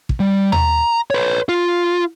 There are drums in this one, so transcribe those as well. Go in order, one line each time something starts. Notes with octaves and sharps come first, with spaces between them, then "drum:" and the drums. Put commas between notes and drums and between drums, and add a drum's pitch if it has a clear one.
drum: kick
G3
A#5, drum: tom D#2
B4 C#5
F4